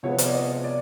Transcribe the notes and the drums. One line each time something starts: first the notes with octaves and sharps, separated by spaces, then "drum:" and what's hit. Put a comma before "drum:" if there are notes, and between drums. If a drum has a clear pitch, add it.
C3 F3 G#3 B3 C#5
D5, drum: hi-hat
D#5
D5